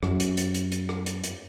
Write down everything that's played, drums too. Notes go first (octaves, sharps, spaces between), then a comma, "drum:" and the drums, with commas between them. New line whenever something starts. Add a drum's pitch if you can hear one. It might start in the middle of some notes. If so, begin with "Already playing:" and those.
F#2, drum: rim click
drum: hi-hat
drum: hi-hat
drum: hi-hat
drum: hi-hat
drum: rim click
drum: hi-hat
drum: hi-hat